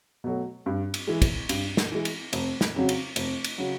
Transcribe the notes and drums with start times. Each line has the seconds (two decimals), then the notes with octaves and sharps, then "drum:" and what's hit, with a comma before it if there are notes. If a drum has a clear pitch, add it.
0.24 B2 F#3 A3
0.66 G2
0.94 drum: cymbal
1.07 E3 G#3
1.22 drum: kick, cymbal
1.49 G2, drum: cymbal
1.77 drum: snare
1.92 E3 G#3
2.05 drum: cymbal
2.33 F1, drum: cymbal
2.61 drum: snare
2.75 F2 C#3 F#3
2.89 drum: cymbal
3.16 F1, drum: cymbal
3.44 drum: cymbal
3.58 C#3 F#3